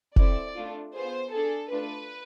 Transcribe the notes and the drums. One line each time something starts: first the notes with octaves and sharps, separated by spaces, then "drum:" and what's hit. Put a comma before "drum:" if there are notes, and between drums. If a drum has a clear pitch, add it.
C4 E4 A4 D5, drum: kick F1
A3 D4 F4
B3 F4 G#4 C5
D4 G#4 A4
A3 D4 F4 B4